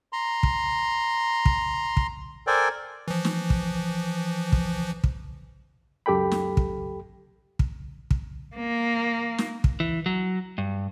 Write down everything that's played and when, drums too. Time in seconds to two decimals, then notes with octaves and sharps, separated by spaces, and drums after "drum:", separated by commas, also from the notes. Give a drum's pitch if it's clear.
0.13 A#5 C6
0.43 drum: kick
1.45 drum: kick
1.97 drum: kick
2.47 A4 A#4 C5 D5 G5 G#5
3.08 E3 F3
3.25 drum: snare
3.50 drum: kick
4.52 drum: kick
5.04 drum: kick
6.06 C#2 F#2 G4 A4 G5 B5
6.31 drum: snare
6.57 drum: kick
7.59 drum: kick
8.11 drum: kick
8.56 A#3
9.38 drum: snare
9.64 drum: kick
9.80 E3
10.06 F#3
10.58 G2